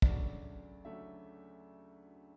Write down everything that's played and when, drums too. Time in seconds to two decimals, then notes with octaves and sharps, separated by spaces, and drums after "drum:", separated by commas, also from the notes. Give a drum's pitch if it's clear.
0.02 D2 C#3 F#3 A3 D5, drum: kick
0.85 D2 C#3 F#3 A3 E5